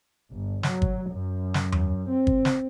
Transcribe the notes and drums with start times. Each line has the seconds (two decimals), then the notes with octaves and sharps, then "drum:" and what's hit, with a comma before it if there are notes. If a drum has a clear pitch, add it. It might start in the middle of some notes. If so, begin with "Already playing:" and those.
0.31 G1
0.63 F#3, drum: snare
0.82 drum: kick G1
1.10 F#2
1.54 drum: snare
1.72 drum: tom E2
2.09 C4
2.27 drum: kick G1
2.45 drum: snare